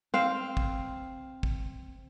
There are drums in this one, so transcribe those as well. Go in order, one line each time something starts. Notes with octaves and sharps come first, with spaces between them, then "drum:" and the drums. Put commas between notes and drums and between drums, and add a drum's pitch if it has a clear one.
C4 F5
drum: kick
drum: kick